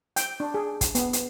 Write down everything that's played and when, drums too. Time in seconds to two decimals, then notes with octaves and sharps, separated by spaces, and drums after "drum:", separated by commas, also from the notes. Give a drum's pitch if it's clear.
0.16 G5, drum: hi-hat
0.40 D4
0.54 G#4
0.81 drum: kick, hi-hat
0.95 B3, drum: hi-hat
1.13 drum: hi-hat